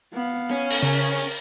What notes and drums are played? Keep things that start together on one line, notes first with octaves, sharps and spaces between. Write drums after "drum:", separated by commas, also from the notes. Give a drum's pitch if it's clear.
B3 F5
C#4
drum: open hi-hat
C#3 A#4